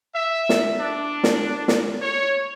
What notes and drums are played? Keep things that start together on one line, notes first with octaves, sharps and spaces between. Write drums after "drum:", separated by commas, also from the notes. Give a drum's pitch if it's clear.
E5
drum: snare
D4
drum: snare
drum: snare
C#5